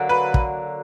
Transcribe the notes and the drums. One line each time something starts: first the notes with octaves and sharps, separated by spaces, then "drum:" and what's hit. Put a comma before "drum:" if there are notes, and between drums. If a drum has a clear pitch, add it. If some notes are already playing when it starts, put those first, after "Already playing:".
Already playing: D3 F#3 A#3
B4
drum: kick